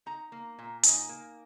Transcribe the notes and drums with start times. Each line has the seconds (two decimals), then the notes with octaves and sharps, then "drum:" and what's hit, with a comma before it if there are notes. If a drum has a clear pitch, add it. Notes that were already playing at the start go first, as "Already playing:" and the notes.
0.06 D#4 A#5
0.32 A#3
0.59 A#2
0.83 D#4 G#5, drum: hi-hat
1.09 A#3